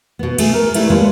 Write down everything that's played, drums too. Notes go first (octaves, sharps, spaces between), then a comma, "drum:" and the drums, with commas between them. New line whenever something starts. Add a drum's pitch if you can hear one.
B2 B3
A3 G#4, drum: cymbal
A#4
G3 A3 E4 B4, drum: cymbal
F3 G3 G#3 A#3 C#4 B4